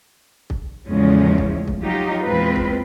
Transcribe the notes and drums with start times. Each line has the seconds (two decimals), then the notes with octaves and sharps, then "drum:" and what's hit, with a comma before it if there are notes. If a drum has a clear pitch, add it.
0.50 drum: kick
0.88 E2 A2 C#3 F3 G#3 C#4
1.38 drum: kick
1.68 drum: kick
1.82 F#3 D#4 F4 G4
2.23 E2 A#2 G#3 C4 F4 B4
2.56 drum: kick